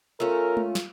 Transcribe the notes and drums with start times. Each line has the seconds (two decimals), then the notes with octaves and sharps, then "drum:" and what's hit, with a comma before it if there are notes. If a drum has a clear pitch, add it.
0.20 A3 C#4 F4 A#4
0.57 drum: tom G#3
0.75 drum: snare